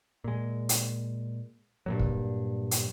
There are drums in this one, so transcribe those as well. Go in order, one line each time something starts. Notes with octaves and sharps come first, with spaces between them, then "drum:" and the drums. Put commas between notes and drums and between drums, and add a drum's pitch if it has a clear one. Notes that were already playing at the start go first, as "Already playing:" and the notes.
A#2 G#3
drum: hi-hat
G2 A#2 F#3
drum: kick
drum: hi-hat